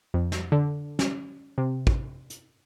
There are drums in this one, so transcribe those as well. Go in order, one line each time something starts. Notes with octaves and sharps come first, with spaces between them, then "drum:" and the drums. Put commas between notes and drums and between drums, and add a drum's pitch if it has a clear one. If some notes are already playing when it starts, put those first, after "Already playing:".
F2
drum: snare
D3
C#4, drum: snare
C3
drum: kick
drum: hi-hat